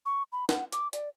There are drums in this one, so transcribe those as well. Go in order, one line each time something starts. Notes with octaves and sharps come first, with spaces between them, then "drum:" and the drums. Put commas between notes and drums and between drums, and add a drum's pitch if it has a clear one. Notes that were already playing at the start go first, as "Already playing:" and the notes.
C#6
B5
F#5, drum: snare
D6, drum: hi-hat
D5, drum: hi-hat